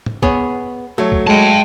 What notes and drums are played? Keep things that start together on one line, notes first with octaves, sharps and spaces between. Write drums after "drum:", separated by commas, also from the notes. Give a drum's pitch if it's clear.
drum: tom
B3 G#4 C#5, drum: kick
F#3 A3 C#5
drum: kick
G#3 G5 A5